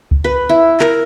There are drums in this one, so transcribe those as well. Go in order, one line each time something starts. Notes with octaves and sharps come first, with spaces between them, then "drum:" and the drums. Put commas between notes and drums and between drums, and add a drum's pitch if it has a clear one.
drum: kick C#2
B4
E4
A#4, drum: clap